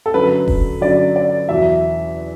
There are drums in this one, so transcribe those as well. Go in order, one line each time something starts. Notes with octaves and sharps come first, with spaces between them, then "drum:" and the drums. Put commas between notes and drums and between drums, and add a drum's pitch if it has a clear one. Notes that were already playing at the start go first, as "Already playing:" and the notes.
A4
F#2 D3 F#3 B4
drum: kick F1
F#2 D3 F#3 D5
D5
E2 B2 F#3 E5